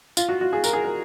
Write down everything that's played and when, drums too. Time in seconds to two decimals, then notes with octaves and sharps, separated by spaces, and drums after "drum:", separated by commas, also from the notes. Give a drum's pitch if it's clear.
0.17 F4, drum: tambourine
0.29 F#4
0.41 F#4
0.53 G#4
0.64 A#4, drum: tambourine
0.73 G#4
0.84 A#4